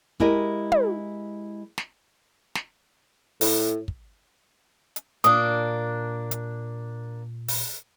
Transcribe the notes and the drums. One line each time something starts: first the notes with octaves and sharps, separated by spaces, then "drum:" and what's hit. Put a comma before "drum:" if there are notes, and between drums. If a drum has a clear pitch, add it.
G#3 E4 G4 A#4 D#5, drum: kick
drum: tom
drum: snare
drum: snare
A2, drum: open hi-hat
drum: kick
drum: hi-hat
A#2 A#3 D4 D#6, drum: hi-hat
drum: hi-hat
drum: open hi-hat